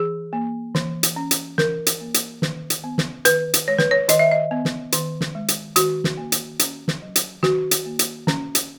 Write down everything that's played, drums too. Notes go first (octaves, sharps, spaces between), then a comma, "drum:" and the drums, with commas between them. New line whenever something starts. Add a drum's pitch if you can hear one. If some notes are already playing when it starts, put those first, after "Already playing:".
Already playing: E3 G#4
A#3
E3, drum: snare
drum: hi-hat
C#4
drum: hi-hat
E3 A#4, drum: snare
drum: hi-hat
A#3
drum: hi-hat
D#3, drum: snare
drum: hi-hat
B3
drum: snare
D#3 B4, drum: hi-hat
drum: hi-hat
G#3 C#5
B4, drum: snare
C#5
D#3 D#5, drum: hi-hat
E5
D#5
B3
drum: snare
D#3, drum: hi-hat
drum: snare
G#3
drum: hi-hat
D#3 F#4, drum: hi-hat
drum: snare
A#3
drum: hi-hat
C#4, drum: hi-hat
drum: snare
F#3
drum: hi-hat
D#3 F#4, drum: snare
drum: hi-hat
A#3
drum: hi-hat
C#4, drum: snare
drum: hi-hat